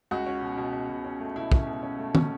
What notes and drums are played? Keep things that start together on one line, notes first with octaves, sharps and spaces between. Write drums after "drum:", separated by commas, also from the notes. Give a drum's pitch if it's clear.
C#2 F#4
C#4
B2
B2
B2
B2
C#4
A3
B2 E4
C#4, drum: kick
B2
C#4
A3
C#4, drum: tom